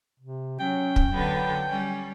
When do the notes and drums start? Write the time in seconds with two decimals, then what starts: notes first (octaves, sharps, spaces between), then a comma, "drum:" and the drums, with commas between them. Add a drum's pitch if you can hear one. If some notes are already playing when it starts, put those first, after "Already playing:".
0.20 C3
0.60 F#3 C#4 G5
0.96 drum: kick
1.13 D3 F#3 B3 B4
1.68 G3 C#4